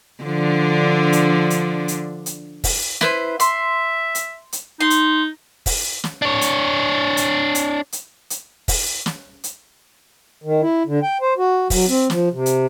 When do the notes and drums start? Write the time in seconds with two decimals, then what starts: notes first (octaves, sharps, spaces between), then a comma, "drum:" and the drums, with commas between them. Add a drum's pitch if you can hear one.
0.23 D3 F3 D4
1.13 drum: hi-hat
1.50 drum: hi-hat
1.88 drum: hi-hat
2.26 drum: hi-hat
2.64 drum: kick, open hi-hat
3.01 E4 B4 C5, drum: snare
3.40 E5 C6, drum: hi-hat
4.15 drum: hi-hat
4.53 drum: hi-hat
4.81 D#4 C6
4.90 drum: hi-hat
5.66 drum: kick, open hi-hat
6.04 drum: snare
6.22 D4 C#5
6.41 drum: hi-hat
7.17 drum: hi-hat
7.55 drum: hi-hat
7.92 drum: hi-hat
8.30 drum: hi-hat
8.68 drum: kick, open hi-hat
9.06 drum: snare
9.44 drum: hi-hat
10.44 D#3
10.62 E4
10.87 D3
11.03 G5
11.21 C5
11.38 F#4
11.70 F#3, drum: kick, open hi-hat
11.89 C4
12.10 F3, drum: snare
12.32 C3
12.46 drum: hi-hat